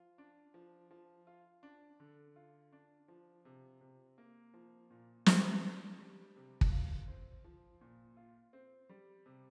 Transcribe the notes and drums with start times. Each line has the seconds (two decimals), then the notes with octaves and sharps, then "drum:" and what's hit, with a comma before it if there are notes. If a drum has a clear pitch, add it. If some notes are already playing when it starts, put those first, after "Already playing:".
Already playing: F3 F4
0.18 D4
0.54 F3
0.91 F3
1.27 F4
1.63 D4
2.00 D3
2.36 F4
2.72 D4
3.08 F3
3.45 C3
3.81 C3
4.18 A#3
4.54 F3
4.91 A#2
5.26 F4, drum: snare
5.63 D4
5.99 G3
6.36 C3
6.61 drum: kick
6.72 F4
7.08 C4
7.44 F3
7.81 A#2
8.17 F4
8.53 C4
8.89 G3
9.26 C3